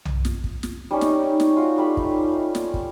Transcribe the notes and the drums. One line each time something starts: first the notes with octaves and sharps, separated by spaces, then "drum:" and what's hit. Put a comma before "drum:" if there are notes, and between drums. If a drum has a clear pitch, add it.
drum: tom B1
drum: snare
drum: kick
drum: snare
G3 C#4 D#4
drum: snare
drum: snare
F4 F#4
G3 A3 B5
drum: kick
drum: snare
drum: kick